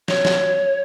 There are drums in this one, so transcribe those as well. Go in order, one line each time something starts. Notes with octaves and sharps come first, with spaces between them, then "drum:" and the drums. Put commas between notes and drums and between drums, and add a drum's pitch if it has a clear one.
C#5, drum: snare
drum: snare